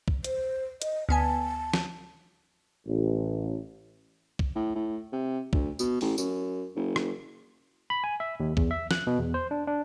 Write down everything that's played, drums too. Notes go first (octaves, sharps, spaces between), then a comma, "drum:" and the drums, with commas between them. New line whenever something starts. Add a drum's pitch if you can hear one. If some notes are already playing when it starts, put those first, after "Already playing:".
drum: kick
C5, drum: hi-hat
D#5, drum: hi-hat
D2 B3 G#5 A5
drum: snare
A1
drum: kick
A2
A2
C3
D2, drum: kick
B2, drum: tambourine
A1, drum: open hi-hat
F#2, drum: tambourine
F#1
drum: rim click
B5
G#5
E5
D#2
E2, drum: kick
E5
F#6, drum: snare
B2
E2
C5
D4
D4